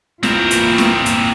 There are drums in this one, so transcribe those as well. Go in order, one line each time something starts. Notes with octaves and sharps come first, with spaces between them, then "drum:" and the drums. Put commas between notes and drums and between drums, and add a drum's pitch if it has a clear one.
E3 A#3 C4 F4 A#4, drum: snare
drum: hi-hat
drum: snare
drum: hi-hat